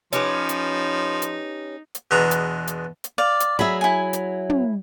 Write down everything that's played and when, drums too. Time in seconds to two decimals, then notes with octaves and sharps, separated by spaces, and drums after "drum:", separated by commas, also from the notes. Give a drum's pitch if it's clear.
0.13 F3 C#4 D#4 G4 B4, drum: hi-hat
0.49 drum: hi-hat
1.22 drum: hi-hat
1.95 drum: hi-hat
2.11 E2 B2 G#3 D4 A#5
2.31 drum: hi-hat
2.67 drum: hi-hat
3.04 drum: hi-hat
3.18 D5 F5
3.40 drum: hi-hat
3.59 F#3 G#4 E5 B5
3.81 E4 G#5
4.13 drum: hi-hat
4.49 drum: tom